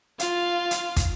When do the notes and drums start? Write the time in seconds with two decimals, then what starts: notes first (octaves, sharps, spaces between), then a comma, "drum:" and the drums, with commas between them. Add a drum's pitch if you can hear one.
0.19 F4 F5, drum: hi-hat
0.71 drum: hi-hat
0.96 drum: kick, hi-hat